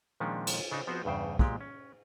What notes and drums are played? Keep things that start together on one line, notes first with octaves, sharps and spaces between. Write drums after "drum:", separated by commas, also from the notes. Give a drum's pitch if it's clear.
A#2 D#3 F3 G#3 C#4 D4
drum: cymbal
C#3 D4 D#4 A5
F3 B3 C4 F#4 C5
E2 G2 C#3 C5 G5
A#2 G#3 G4, drum: kick
C#4